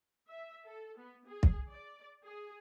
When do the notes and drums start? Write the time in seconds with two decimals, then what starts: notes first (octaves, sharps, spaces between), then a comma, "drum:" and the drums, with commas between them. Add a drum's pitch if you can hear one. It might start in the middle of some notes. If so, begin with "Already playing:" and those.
0.27 E5
0.66 A4
0.98 B3
1.27 G#4
1.43 drum: kick
1.69 D5
2.24 G#4